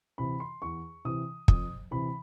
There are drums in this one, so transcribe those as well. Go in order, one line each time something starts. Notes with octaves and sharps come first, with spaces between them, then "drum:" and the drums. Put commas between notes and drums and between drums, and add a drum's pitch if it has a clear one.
C3 E3 B5
C6
E2 C#6
C3 E3 D#6
F2 D#6, drum: kick
C3 E3 B5